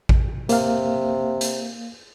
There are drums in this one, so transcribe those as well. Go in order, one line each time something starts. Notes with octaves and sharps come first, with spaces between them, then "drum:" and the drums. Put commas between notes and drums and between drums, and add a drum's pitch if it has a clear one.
drum: kick A1
C3 A#3 F5, drum: hi-hat
drum: hi-hat